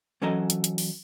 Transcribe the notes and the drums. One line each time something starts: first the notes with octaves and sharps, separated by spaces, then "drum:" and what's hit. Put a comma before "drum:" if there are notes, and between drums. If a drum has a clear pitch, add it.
E3 F#3 C#4 A4 D#5 A#5
drum: hi-hat
drum: hi-hat
drum: open hi-hat